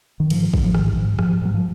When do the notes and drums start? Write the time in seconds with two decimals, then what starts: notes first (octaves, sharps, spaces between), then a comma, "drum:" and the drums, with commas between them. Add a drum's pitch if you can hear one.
0.20 D#3
0.30 G#2 F3, drum: cymbal
0.54 G#2 F#3, drum: kick
0.64 F3
0.75 G#2 D#3, drum: rim click
0.97 G#2
1.19 G#2 F3, drum: rim click
1.42 G#2 F#3
1.54 F3